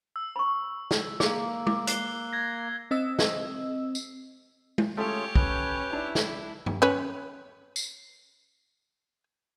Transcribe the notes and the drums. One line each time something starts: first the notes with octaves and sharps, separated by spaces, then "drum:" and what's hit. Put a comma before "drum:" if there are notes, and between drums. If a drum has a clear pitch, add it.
E6
B5 C#6
drum: snare
A#3 G#4, drum: snare
D6, drum: tom G#3
F#6 C7 G7, drum: hi-hat
G#6 A#6
C4 D#5 E6
drum: snare
drum: tambourine
drum: tom G#3
A3 C#4 F4 G4 G#4 C#5
C#4 B4, drum: kick
D4 E4
drum: snare
drum: tom
C#4 B4
drum: tambourine